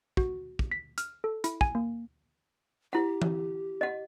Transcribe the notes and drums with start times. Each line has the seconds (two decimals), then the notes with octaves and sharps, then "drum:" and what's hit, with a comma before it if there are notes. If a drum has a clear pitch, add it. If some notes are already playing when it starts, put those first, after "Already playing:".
0.17 F#4, drum: kick
0.59 drum: kick
0.72 B6
0.98 F6, drum: hi-hat
1.24 A4
1.44 E4, drum: hi-hat
1.61 G#5, drum: kick
1.75 A#3
2.93 E4 G4 F#5
3.22 drum: tom E3
3.81 D#5 F#5